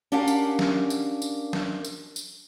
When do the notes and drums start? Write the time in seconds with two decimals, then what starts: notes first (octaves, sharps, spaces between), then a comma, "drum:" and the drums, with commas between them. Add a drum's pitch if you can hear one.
0.12 C#4 D4 G4 A#4 F5 F#5
0.28 drum: tambourine
0.59 drum: snare
0.90 drum: tambourine
1.22 drum: tambourine
1.53 drum: snare
1.85 drum: tambourine
2.16 drum: tambourine